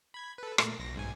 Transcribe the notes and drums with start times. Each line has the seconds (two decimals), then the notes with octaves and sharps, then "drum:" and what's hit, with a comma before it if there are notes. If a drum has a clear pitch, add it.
0.14 B5 G#6
0.38 A4 B4
0.58 A#2 A3 A#3, drum: rim click
0.79 B1 A#6
0.95 B1 G#2 G#5